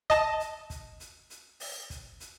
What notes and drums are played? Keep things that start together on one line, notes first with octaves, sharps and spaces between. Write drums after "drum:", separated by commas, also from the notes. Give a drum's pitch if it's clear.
D#5 A5, drum: kick, hi-hat
drum: hi-hat
drum: kick, hi-hat
drum: hi-hat
drum: hi-hat
drum: open hi-hat
drum: kick, hi-hat
drum: hi-hat